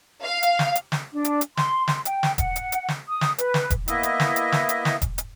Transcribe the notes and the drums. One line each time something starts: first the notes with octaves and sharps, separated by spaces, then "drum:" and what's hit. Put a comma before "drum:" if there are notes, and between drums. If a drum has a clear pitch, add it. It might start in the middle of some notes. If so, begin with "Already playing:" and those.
F5
drum: hi-hat
drum: snare
drum: hi-hat
drum: snare
D4
drum: hi-hat
drum: hi-hat
C6, drum: snare
C6, drum: snare
G5, drum: hi-hat
drum: snare
F#5, drum: kick E1, hi-hat
drum: hi-hat
drum: hi-hat
drum: snare
D#6
drum: snare
B4, drum: hi-hat
drum: snare
drum: kick E1, hi-hat
A#3 B3 E4 D#5 E5, drum: hi-hat
drum: hi-hat
drum: snare
drum: hi-hat
drum: snare
drum: hi-hat
drum: snare
drum: kick E1, hi-hat
drum: hi-hat